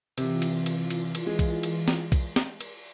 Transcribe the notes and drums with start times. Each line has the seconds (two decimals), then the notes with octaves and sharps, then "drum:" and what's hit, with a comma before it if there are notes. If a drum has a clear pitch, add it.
0.18 C3 E3 F4, drum: cymbal
0.42 drum: cymbal
0.66 drum: cymbal
0.90 drum: cymbal
1.15 drum: cymbal
1.27 G#3
1.39 drum: kick B1, cymbal
1.63 drum: cymbal
1.88 drum: snare
2.12 drum: kick B1, cymbal
2.36 drum: snare
2.61 drum: cymbal